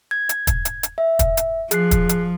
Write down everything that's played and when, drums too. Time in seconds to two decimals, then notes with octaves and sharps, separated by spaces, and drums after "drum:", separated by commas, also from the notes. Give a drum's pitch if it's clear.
0.11 G#6
0.29 drum: hi-hat
0.47 drum: kick, hi-hat
0.65 drum: hi-hat
0.83 drum: hi-hat
0.98 E5
1.19 drum: kick, hi-hat
1.37 drum: hi-hat
1.71 F3 G#4 F#6 C7, drum: hi-hat
1.91 drum: kick, hi-hat
2.09 drum: hi-hat